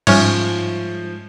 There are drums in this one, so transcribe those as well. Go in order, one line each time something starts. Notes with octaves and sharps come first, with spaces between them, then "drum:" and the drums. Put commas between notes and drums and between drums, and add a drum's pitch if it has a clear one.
G#2 F3 G3 C#4 C#5, drum: cymbal